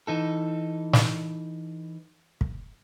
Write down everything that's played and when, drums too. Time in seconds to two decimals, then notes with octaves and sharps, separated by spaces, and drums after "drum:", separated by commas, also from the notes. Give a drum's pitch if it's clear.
0.07 E3 D#4 A4
0.93 drum: snare
2.41 drum: kick